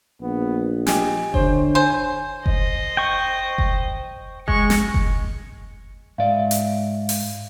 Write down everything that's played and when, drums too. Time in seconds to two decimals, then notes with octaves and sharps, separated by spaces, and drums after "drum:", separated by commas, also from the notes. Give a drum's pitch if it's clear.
0.22 A#1 B3
0.87 G4 D#5 G#5, drum: snare
1.34 D3 C5 C#5, drum: kick F#1
1.75 C5 G#5
2.46 C5 D#5, drum: kick F#1
2.97 G5 C#6
3.58 drum: kick F#1
4.48 G#3 C#6, drum: kick F#1
4.70 drum: snare
4.94 drum: kick F#1
6.18 G#2 D5 E5 F5
6.51 drum: hi-hat
7.09 drum: open hi-hat